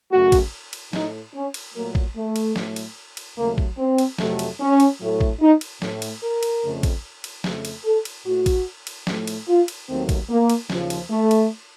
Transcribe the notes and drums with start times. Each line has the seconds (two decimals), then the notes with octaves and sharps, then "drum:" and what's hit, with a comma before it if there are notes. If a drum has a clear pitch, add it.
0.11 F#2 C#3 A3 F#4
0.32 drum: kick A1, cymbal
0.73 drum: cymbal
0.93 A2 A3 D#4, drum: snare
1.34 C#4
1.54 drum: cymbal
1.75 A#2 F#3 A3 A#3
1.95 drum: kick A1
2.15 A3
2.36 drum: cymbal
2.56 A2 F#3 A3, drum: snare
2.76 drum: cymbal
3.17 drum: cymbal
3.37 D#2 C#3 F#3 A3 A#3
3.58 drum: kick A1
3.78 C4
3.98 drum: cymbal
4.18 F2 C3 F#3 A3, drum: snare
4.39 drum: cymbal
4.60 C#4
4.80 drum: cymbal
5.01 A2 F#3 A3
5.21 drum: kick A1
5.40 D#4
5.61 drum: cymbal
5.82 A2 A3, drum: snare
6.02 drum: cymbal
6.22 A#4
6.43 drum: cymbal
6.63 F2 C#3 A3
6.83 drum: kick A1, cymbal
7.24 drum: cymbal
7.44 F2 C#3 A3, drum: snare
7.65 drum: cymbal
7.85 A4
8.05 drum: cymbal
8.25 A2 A3 F#4
8.46 drum: kick A1, cymbal
8.87 drum: cymbal
9.07 A2 F3 A3, drum: snare
9.27 drum: cymbal
9.48 F4
9.68 drum: cymbal
9.88 D#2 D#3 F#3 A3 C4
10.09 drum: kick A1, cymbal
10.29 A#3
10.50 drum: cymbal
10.70 D#2 C#3 F3, drum: snare
10.90 drum: cymbal
11.10 A3
11.31 drum: cymbal